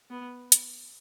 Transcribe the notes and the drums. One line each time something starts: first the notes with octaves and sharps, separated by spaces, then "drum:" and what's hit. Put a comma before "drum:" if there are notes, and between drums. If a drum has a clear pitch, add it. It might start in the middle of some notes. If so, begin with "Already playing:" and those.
B3
drum: hi-hat